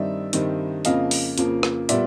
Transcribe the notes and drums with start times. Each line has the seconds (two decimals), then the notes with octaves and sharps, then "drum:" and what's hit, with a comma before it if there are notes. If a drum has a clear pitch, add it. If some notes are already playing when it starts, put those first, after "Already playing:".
Already playing: G2 D#3 G3 C4 D#4 D5 E5
0.33 G2 D#3 G3 C4 D#4, drum: hi-hat
0.85 F2 C#3 F3 A#3 D#5 F5, drum: hi-hat
1.11 drum: open hi-hat
1.38 F2 C#3 F3 A#3, drum: hi-hat
1.63 drum: rim click
1.89 A#2 G3 B3 D5 E5, drum: hi-hat